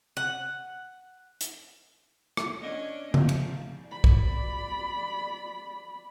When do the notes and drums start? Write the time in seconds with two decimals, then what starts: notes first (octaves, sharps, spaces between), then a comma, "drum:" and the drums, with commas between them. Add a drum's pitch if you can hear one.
0.17 F#5
1.41 drum: hi-hat
2.37 drum: rim click
2.62 C#4 D4 D#5
3.14 C3 F3 A3, drum: tom C#3
3.29 drum: cymbal
3.87 D5 B5
4.04 drum: kick B1